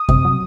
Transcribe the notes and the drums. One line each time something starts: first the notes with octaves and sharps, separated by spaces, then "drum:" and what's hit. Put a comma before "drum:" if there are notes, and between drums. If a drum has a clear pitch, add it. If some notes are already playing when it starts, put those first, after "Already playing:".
Already playing: D#6
C3, drum: kick F#2
F#3